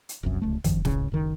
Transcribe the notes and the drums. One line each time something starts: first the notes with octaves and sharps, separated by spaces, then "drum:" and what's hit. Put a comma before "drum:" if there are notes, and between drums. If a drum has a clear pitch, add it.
drum: hi-hat
F1 C2 F#2
D1 C#2 A3
F#2 D#3 F3, drum: kick, hi-hat
G#1 C#2 A2 C#3, drum: snare
F#1 C#2 D#3